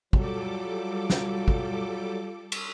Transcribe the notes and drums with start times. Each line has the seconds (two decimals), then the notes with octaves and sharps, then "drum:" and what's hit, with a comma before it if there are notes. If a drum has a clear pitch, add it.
0.13 F#3 G3 F4 A4 D6, drum: kick
1.10 drum: snare
1.48 drum: kick
2.52 drum: cymbal